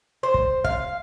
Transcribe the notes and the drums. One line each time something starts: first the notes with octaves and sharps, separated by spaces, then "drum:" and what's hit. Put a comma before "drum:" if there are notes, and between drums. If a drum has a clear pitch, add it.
C5
drum: kick
F5, drum: kick